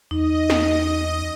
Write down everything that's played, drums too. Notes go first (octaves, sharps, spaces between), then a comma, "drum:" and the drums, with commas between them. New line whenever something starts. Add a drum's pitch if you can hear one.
E2 D#4 D#5
drum: snare